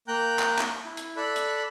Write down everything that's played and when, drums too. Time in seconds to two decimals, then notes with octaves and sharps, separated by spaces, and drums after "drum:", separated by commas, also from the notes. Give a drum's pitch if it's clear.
0.08 A#3 G5 A#5 F#6 G6
0.39 drum: clap
0.59 drum: clap
0.85 E4
0.97 drum: hi-hat
1.17 A4 D5 B5 E6 F#6
1.36 drum: hi-hat